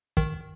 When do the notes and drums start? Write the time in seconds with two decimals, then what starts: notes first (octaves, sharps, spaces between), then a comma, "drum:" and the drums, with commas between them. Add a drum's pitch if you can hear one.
0.17 D#3, drum: kick